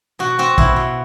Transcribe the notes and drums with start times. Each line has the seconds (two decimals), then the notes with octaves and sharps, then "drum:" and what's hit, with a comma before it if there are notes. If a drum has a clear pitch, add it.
0.19 B2 F#4
0.39 C4 F#4
0.58 B2 E4, drum: kick
0.76 B2